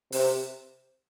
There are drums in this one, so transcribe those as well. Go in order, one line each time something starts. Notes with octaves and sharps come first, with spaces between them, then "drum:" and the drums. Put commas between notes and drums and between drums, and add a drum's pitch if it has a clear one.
C3, drum: open hi-hat